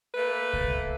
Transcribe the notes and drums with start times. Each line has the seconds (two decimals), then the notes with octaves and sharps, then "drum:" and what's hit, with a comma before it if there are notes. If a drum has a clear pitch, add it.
0.15 A3 A#3 B4
0.53 drum: kick C2